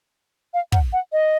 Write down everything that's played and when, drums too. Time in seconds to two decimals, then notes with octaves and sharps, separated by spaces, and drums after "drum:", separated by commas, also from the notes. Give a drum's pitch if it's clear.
0.54 F5
0.72 F#5, drum: kick
0.93 F#5
1.12 D#5